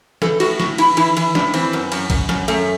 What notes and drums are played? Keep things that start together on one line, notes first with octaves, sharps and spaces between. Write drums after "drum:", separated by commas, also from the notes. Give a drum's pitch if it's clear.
E3 A4, drum: snare
A2 F#4, drum: cymbal
A2 F#4, drum: snare
E3 E4, drum: cymbal
E3 E4, drum: cymbal
E3, drum: cymbal
A2 D4, drum: snare
E3 C4, drum: cymbal
F#2
F#2, drum: cymbal
F#2, drum: kick, cymbal
F#2, drum: snare
F#2 A3, drum: cymbal